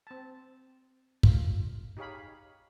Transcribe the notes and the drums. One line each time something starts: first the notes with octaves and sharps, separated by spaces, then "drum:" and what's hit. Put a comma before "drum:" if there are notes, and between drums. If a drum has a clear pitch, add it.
C4 A5
F4, drum: kick
D#4 G4 G#4 C#5 F5 B5